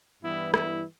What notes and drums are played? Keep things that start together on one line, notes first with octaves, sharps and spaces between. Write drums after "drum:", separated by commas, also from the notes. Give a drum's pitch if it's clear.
G2 E3 G3 B3 E4
E4, drum: rim click